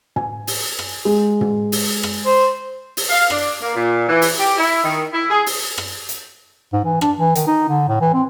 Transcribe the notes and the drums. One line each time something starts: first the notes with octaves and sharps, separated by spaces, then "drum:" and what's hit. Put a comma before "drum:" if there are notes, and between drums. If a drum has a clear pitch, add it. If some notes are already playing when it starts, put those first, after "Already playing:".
G#5, drum: tom
drum: open hi-hat
drum: rim click
G#3
drum: tom
drum: open hi-hat
drum: rim click
C5
drum: open hi-hat
F5
D4, drum: rim click
A#3
A#2
E3
drum: open hi-hat
G4
E4
D#3
E4
G#4
drum: open hi-hat
drum: rim click
drum: hi-hat
G#2
E3
D4, drum: rim click
E3
D#3, drum: hi-hat
D#4
D3
A2
E3
C4